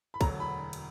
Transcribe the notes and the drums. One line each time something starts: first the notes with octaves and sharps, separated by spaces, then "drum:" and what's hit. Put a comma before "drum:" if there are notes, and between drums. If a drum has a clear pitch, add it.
B5
E1 D2 D3 F#3 A#5, drum: kick, cymbal
B5
drum: cymbal